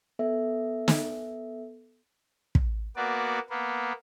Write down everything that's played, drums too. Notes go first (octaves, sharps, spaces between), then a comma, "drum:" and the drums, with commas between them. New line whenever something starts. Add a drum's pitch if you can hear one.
B3 A4 E5
drum: snare
drum: kick
A#3 B3 F#4 D5
A#3 B3